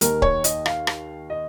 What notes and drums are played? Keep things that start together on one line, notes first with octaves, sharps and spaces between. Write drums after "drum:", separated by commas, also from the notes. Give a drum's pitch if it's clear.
D#2 D#3 A#4, drum: hi-hat
C#5, drum: kick C#1
D#5, drum: hi-hat
F5, drum: rim click
drum: rim click
D#5